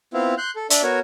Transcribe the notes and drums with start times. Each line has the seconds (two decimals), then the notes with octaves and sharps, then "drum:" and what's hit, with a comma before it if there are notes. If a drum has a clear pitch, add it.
0.14 B3 C4 E4 F4
0.38 C6 F#6 G6
0.56 A4
0.70 D4 D5 E5, drum: hi-hat
0.83 B3 F#4 A#4 C#5